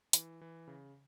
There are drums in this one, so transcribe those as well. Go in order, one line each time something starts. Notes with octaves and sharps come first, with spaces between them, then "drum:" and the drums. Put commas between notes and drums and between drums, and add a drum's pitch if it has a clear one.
E3, drum: hi-hat
E3
C#3